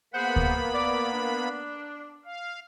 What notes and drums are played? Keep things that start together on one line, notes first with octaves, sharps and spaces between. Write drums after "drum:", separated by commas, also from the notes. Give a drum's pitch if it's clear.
A#3 B3 G#4 C5 F#5 B5
drum: kick D2
D5
D4
F5